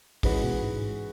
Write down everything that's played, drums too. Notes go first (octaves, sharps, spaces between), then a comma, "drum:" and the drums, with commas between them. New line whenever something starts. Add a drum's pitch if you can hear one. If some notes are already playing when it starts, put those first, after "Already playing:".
G#2 E3 G#3 C#4 F#4 B4, drum: kick, open hi-hat
B2
G#2